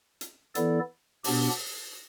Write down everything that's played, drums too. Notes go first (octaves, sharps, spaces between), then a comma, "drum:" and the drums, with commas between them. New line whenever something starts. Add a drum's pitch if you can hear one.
drum: hi-hat
E3 B3 E4 A4 D5, drum: hi-hat
B2 B3 D4 G4, drum: open hi-hat